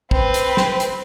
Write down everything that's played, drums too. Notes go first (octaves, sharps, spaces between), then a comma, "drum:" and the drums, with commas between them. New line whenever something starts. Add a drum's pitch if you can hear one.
C4 B4, drum: kick
drum: hi-hat
drum: snare
drum: hi-hat